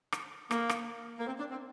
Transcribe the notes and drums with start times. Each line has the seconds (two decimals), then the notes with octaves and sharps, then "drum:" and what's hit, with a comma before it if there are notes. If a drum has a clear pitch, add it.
0.12 drum: rim click
0.51 A#3, drum: rim click
0.69 drum: rim click
1.19 A#3
1.27 C4
1.39 D4
1.51 C4